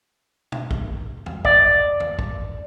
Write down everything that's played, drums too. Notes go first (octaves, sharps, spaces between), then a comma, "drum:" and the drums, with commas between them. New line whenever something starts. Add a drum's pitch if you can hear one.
drum: tom B2
drum: kick
drum: tom E2
D5, drum: kick
drum: tom E2
drum: kick